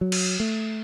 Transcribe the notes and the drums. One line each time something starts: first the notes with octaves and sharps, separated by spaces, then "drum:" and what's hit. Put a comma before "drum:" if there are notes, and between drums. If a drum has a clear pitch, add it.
F#3
drum: cymbal
A3